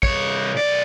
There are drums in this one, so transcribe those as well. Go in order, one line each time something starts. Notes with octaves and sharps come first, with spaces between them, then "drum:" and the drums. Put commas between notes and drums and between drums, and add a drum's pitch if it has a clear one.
C2 C#5, drum: kick
B1 D5